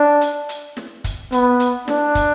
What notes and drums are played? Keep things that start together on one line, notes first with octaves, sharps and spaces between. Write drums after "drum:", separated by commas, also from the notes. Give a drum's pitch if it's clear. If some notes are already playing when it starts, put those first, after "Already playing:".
Already playing: D4
drum: hi-hat
drum: hi-hat
drum: snare
drum: kick, hi-hat
B3, drum: hi-hat
drum: hi-hat
D4, drum: snare
drum: kick, hi-hat